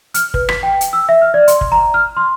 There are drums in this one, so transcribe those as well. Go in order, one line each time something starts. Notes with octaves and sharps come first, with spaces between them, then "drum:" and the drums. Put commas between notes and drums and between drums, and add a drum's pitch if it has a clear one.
F6, drum: hi-hat
B4, drum: kick
B6, drum: rim click
G5
drum: hi-hat
E6
E5
F6
D5
C6, drum: hi-hat
drum: kick
A#5
F6
C6